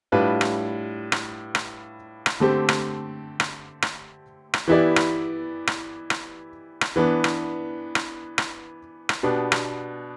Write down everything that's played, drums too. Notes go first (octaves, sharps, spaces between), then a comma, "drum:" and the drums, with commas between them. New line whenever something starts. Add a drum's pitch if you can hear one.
A2 G3 D4 F4 B4
drum: rim click
drum: rim click
drum: rim click
drum: rim click
D3 A3 C4 G4
drum: rim click
drum: rim click
drum: rim click
drum: rim click
E3 B3 E4 G4 D5
drum: rim click
drum: rim click
drum: rim click
drum: rim click
E3 B3 D4
drum: rim click
drum: rim click
drum: rim click
drum: rim click
B2 B3 D4 G4
drum: rim click